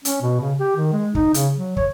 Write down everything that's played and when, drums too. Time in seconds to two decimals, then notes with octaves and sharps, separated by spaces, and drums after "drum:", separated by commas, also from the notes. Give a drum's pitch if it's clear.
0.05 C#4, drum: hi-hat
0.22 B2
0.40 C#3
0.59 G4
0.76 D#3
0.92 G#3
1.15 D#4, drum: kick
1.34 C#3, drum: hi-hat
1.56 F#3
1.77 C#5, drum: kick